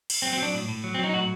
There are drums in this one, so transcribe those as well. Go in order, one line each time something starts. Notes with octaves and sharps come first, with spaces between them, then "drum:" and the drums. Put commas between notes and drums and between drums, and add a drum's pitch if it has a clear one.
drum: cymbal
F#3 C4
C4
F#3
D4
A2
A2
F#3
C4
F#3 D#4
D#4
A2 F#4